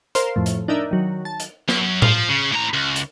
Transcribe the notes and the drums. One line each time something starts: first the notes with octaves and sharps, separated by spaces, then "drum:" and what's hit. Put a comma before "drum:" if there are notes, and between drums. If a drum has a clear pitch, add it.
A#4 C5 F5 C6, drum: hi-hat
F2 A2
drum: hi-hat
D4 D#4 A#4 E5
D#3 F#3
A5
drum: hi-hat
F#2, drum: snare
F3, drum: tom A2
C#3
A2 A#5
C#2
drum: hi-hat